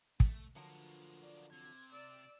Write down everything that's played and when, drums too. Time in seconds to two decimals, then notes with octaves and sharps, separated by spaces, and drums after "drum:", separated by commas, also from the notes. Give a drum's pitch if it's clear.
0.20 A3, drum: kick
0.55 D3 F3 F#3 A#3 B3
1.21 D5
1.52 C3 G#6
1.92 D5 E6